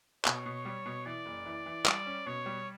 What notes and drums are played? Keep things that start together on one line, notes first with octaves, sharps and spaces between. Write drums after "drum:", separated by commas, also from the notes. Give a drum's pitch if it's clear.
B2 C#5, drum: clap
B2
G3
B2
E3 D5
F#1
E3
E3
G3 D5, drum: clap
C#4
B2 C#5
G3